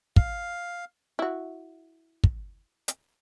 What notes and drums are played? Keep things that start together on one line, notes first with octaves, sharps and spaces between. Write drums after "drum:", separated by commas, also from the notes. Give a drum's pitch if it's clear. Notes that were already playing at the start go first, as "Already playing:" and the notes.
F5, drum: kick
E4 F#4
drum: kick
drum: hi-hat